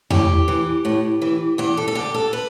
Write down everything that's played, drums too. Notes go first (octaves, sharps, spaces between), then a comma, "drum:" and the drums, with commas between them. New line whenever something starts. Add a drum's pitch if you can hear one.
A2 G4, drum: tom E2
E3
A2
E3
E2 G4
A4
A4
D3 G4
A4
B4